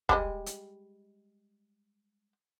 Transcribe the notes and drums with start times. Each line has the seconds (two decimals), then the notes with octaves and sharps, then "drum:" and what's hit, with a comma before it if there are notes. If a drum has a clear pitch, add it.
0.09 G3 G#3 D#5, drum: kick
0.46 drum: hi-hat